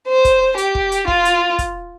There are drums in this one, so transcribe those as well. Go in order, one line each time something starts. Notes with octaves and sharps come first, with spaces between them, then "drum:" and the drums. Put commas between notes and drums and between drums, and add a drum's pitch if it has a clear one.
C5
drum: kick, hi-hat
G4, drum: hi-hat
drum: kick
drum: hi-hat
F4, drum: kick
drum: hi-hat
drum: kick, hi-hat